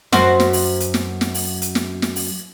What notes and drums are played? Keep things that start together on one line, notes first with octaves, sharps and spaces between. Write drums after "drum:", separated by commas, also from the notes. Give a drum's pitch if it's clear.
F#2 F#4 C5, drum: snare
drum: snare
drum: open hi-hat
drum: hi-hat
drum: snare
drum: snare
drum: open hi-hat
drum: hi-hat
drum: snare
drum: snare
drum: open hi-hat